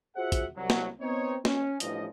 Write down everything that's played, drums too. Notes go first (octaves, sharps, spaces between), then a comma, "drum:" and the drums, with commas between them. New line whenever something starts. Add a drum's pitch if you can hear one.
F4 F#4 G#4 C5 E5 F#5
drum: kick, hi-hat
C2 F#3
drum: snare
B3 C4 D#4 C#5
C#4, drum: snare
A1 G2 F3 D#5, drum: hi-hat